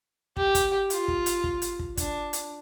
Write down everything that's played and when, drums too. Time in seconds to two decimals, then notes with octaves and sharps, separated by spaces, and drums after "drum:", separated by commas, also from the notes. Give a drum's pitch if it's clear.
0.37 G4, drum: kick
0.55 drum: kick, hi-hat
0.90 F4, drum: hi-hat
1.08 drum: kick
1.26 drum: hi-hat
1.44 drum: kick
1.62 drum: hi-hat
1.79 drum: kick
1.97 D4, drum: kick, hi-hat
2.33 drum: hi-hat